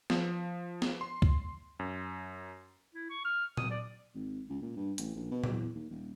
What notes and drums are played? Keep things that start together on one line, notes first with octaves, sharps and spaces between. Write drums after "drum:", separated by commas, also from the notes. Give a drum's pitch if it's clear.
F3, drum: snare
drum: snare
C6
drum: kick C#2
F#2
E4
C#6
F6
D#6, drum: tom A#2
D5
G#1
C#2
A#2
G2
A1, drum: hi-hat
A#1
B2
drum: tom A#2
E2
D#2
D#1